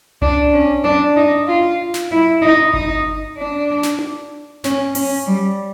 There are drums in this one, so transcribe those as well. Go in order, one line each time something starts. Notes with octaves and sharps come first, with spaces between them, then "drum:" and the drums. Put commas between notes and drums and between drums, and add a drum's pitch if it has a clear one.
D4, drum: tom C2
C#4
D4
D#4
F4
drum: snare
E4
D#4
D#4, drum: kick G1
D4
drum: snare
drum: tom D4
C#4, drum: snare
C#4, drum: open hi-hat
G3